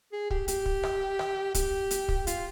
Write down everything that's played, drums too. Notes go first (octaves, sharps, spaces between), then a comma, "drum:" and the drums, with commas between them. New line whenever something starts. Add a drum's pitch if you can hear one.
G#4
G4, drum: kick
G4, drum: hi-hat
drum: kick
drum: rim click
drum: rim click
G4, drum: kick, hi-hat
drum: hi-hat
drum: kick
F4, drum: hi-hat